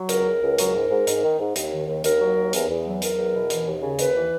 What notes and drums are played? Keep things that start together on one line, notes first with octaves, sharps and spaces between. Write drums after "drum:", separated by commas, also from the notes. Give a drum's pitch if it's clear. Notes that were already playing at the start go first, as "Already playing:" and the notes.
Already playing: F#3
C#2 A#4, drum: hi-hat
C#2
C#2
F#3, drum: hi-hat
G#2
G#2
G#2, drum: hi-hat
D#3
G#2
D#2, drum: hi-hat
D#3
D#2
D#2 A#4, drum: hi-hat
F#3
D#2
E2, drum: hi-hat
E2
F#3
F#3 A#4, drum: hi-hat
E2
B2
E3, drum: hi-hat
D#2
C#3
D#2 B4, drum: hi-hat
E3